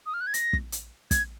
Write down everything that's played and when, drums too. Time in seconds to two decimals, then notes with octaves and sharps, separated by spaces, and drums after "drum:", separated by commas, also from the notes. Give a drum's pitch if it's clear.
0.06 D#6
0.14 F6
0.21 F#6
0.27 G#6
0.34 A#6, drum: hi-hat
0.53 drum: kick
0.72 drum: hi-hat
1.11 G#6, drum: kick, hi-hat